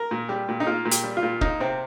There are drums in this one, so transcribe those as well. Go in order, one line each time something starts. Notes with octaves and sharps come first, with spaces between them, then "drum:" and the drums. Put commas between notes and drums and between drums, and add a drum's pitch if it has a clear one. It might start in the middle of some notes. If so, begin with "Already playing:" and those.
Already playing: A#4
A#2
G3 G4
A#2
D#4
A#3 F4
A#2
G4, drum: hi-hat
G3
F4
A#2
A#3 D#4, drum: kick
C3 C4